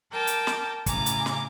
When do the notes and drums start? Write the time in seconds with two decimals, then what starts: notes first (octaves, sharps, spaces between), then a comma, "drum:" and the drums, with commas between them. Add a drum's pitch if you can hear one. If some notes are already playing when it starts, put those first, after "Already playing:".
0.11 A#4 G5 A5 D6
0.27 drum: hi-hat
0.47 drum: snare
0.86 A2 C#3 G#5 A#5 D6, drum: kick, hi-hat
1.06 drum: hi-hat
1.26 drum: snare